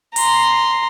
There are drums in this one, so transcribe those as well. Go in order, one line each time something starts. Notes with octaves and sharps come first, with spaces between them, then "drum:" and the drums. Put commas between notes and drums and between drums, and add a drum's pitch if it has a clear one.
A#5 C6, drum: open hi-hat